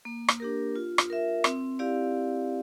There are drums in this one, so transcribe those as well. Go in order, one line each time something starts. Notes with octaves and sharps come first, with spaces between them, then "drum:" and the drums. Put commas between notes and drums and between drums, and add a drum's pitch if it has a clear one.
A#3
drum: rim click
D4 G4 A#4
F4
drum: rim click
A#4 E5
C4, drum: rim click
E4 G4 D5 F5